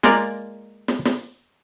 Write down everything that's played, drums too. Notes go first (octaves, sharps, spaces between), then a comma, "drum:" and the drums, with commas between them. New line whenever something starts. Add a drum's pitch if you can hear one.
G#3 A#3 F4 A#4 D5, drum: snare
drum: snare
drum: snare